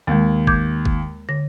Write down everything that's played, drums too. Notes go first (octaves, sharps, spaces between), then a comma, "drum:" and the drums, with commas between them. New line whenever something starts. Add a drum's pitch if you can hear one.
D#2 G#3 A#3
D6 G6 G#6, drum: kick
drum: kick
D3 A#6